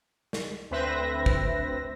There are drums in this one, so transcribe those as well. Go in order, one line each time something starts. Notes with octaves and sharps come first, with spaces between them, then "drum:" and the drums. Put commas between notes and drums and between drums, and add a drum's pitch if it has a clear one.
drum: snare
D2 C4 B4 C5 E5 A#6
drum: kick